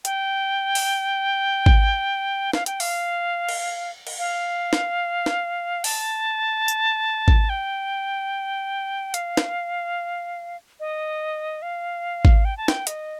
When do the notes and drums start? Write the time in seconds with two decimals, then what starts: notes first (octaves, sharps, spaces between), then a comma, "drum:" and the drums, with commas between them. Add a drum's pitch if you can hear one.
0.05 G5, drum: hi-hat
0.75 drum: open hi-hat
1.66 drum: kick G#1
2.53 F5, drum: snare
2.66 G5, drum: hi-hat
2.80 F5, drum: open hi-hat
3.49 drum: cymbal
4.07 drum: cymbal
4.18 F5
4.73 drum: snare
5.26 drum: snare
5.84 A5, drum: open hi-hat
6.68 drum: tambourine
7.28 drum: kick G#1
7.49 G5
9.14 F5, drum: hi-hat
9.37 drum: snare
10.80 D#5
11.62 F5
12.25 drum: kick G#1
12.45 G5
12.57 A5
12.68 G5, drum: snare
12.87 D#5, drum: hi-hat